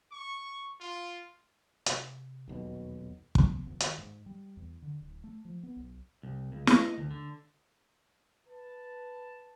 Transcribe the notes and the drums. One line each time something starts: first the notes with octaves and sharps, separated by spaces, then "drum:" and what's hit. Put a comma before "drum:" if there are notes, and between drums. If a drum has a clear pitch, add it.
C#6
F4
C3, drum: hi-hat
D#1 B1 E2 B2
drum: kick
F1
D#3, drum: hi-hat
G#2
G3
E2
D3
D1
A3
F3
B3
B1
C2
C#2
D#5, drum: snare
D2
D3
B4 A5